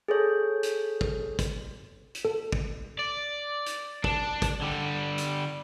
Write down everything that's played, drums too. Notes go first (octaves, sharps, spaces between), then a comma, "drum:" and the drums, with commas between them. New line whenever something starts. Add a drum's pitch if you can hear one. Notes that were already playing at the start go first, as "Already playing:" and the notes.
G#4 A4 C#5
drum: hi-hat
drum: kick
drum: kick, hi-hat
drum: hi-hat
A4
drum: kick
D5
drum: hi-hat
D4, drum: kick
drum: kick, hi-hat
D3 G3
drum: hi-hat